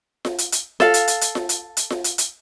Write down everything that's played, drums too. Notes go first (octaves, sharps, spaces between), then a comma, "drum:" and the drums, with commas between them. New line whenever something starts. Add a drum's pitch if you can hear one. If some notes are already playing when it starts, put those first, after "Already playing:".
drum: snare F4
drum: hi-hat
drum: hi-hat
A4 F5, drum: snare F4
drum: hi-hat
drum: hi-hat
drum: hi-hat
drum: snare F4
drum: hi-hat
drum: hi-hat
drum: snare F4
drum: hi-hat
drum: hi-hat